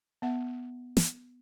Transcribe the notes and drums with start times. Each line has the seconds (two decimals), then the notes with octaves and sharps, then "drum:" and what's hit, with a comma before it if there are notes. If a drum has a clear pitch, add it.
0.22 B3 E5 F#5
0.97 drum: snare